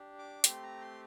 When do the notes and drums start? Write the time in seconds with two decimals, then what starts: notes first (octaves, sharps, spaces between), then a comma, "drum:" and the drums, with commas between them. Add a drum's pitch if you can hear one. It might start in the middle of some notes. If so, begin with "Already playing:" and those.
Already playing: D4 G4
0.19 D6
0.44 A3 C4 G4 C6, drum: hi-hat
0.63 A#5
0.81 C6